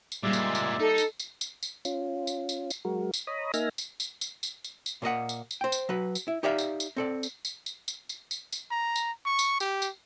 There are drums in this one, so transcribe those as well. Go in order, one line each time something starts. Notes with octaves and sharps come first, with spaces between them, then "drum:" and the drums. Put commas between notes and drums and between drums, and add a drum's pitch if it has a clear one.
drum: tambourine
A#2 G3 G#3 A#3 D5 E5
drum: tambourine
drum: tambourine
D#4 A4
drum: tambourine
drum: tambourine
drum: tambourine
drum: tambourine
C#4 F4, drum: tambourine
drum: tambourine
drum: tambourine
drum: tambourine
F#3 G#3 F#4 A#4
drum: tambourine
C#5 D#5 A#5 B5 D#6
A#3 D#4 E5 G#5 F6 A#6, drum: tambourine
drum: tambourine
drum: tambourine
drum: tambourine
drum: tambourine
drum: tambourine
drum: tambourine
A#2 A#3 D#5 F#5
drum: tambourine
drum: tambourine
C5 G5
drum: tambourine
F#3 B4
drum: tambourine
E4
D#4 G4 D5 E5 F5
drum: tambourine
drum: tambourine
C4 A4 D5
drum: tambourine
drum: tambourine
drum: tambourine
drum: tambourine
drum: tambourine
drum: tambourine
drum: tambourine
A#5
drum: tambourine
C#6
drum: tambourine
G4, drum: tambourine
drum: tambourine